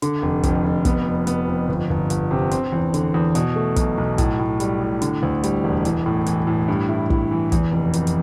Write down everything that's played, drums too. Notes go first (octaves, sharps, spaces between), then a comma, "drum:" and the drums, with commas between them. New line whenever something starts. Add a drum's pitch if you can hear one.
D3, drum: hi-hat
F1
F2, drum: kick, hi-hat
F1
B3, drum: kick, hi-hat
F2
B3, drum: hi-hat
F2
G1
G1
G1, drum: hi-hat
C3
C4, drum: hi-hat
E2
D3, drum: hi-hat
E2
B2, drum: hi-hat
A3
B1, drum: kick, hi-hat
B1
A2, drum: kick, hi-hat
A2
G3, drum: hi-hat
A2
D3, drum: hi-hat
D2
G3, drum: hi-hat
E1
E3, drum: hi-hat
A2
E3, drum: hi-hat
A2
G2
E4
E4, drum: kick
E3
E2, drum: kick, hi-hat
F1
F1, drum: hi-hat
drum: hi-hat